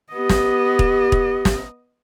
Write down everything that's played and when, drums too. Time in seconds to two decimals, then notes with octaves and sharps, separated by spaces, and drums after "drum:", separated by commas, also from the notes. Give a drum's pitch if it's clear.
0.13 B3 G4 D#5
0.29 drum: snare
0.79 drum: kick
1.12 drum: kick
1.45 drum: snare